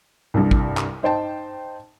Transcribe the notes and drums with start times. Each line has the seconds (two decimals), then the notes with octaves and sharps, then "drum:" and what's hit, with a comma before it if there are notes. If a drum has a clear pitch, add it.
0.34 C2 G2
0.51 drum: kick
0.77 drum: clap
1.03 D#4 C5 G5 A5